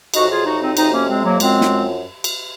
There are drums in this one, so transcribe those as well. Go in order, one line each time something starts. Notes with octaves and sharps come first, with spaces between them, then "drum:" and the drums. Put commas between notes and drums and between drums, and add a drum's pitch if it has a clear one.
F2 C3 F#3 D#4 F#4, drum: cymbal
F4 G#4
D#4 F#4
C4 D#4
F2 C3 F#3 C4 D#4, drum: cymbal
A#3 C#4
G#3 C4
F#3 A#3
F#2 F3 G#3 C4, drum: cymbal
drum: snare
drum: cymbal